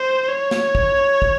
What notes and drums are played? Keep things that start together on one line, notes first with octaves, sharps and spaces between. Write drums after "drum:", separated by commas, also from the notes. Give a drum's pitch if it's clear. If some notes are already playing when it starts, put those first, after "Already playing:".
Already playing: C5
C#5
drum: snare
drum: kick
drum: kick